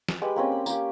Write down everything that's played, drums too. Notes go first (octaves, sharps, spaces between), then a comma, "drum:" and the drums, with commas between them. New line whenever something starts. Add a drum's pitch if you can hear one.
drum: snare
G#3 G4 B4 B5
A#3 C4 C#4
B5
A#3 G4, drum: tambourine